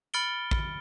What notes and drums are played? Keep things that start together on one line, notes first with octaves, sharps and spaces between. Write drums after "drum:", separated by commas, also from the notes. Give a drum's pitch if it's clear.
B5 F6 A6 C#7 D7 G7
drum: kick A1